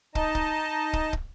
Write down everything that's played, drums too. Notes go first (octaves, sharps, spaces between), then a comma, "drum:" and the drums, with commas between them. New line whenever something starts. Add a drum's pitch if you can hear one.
D#4 D#5 A5, drum: kick
drum: kick
drum: kick
drum: kick